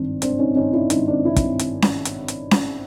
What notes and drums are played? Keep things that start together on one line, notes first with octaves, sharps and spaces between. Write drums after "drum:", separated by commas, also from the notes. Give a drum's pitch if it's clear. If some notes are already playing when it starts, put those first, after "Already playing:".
Already playing: G#1 G2 D#3 C4 D4
G#1 C4 D4, drum: hi-hat
C#4 D#4
G2 D#3 C#4 D#4
D4 E4
G#1 C#4 D#4, drum: hi-hat
C4 D4
G2 D#3 D4 E4
drum: kick, hi-hat
drum: hi-hat
drum: snare C#4
drum: hi-hat
drum: hi-hat
drum: snare C#4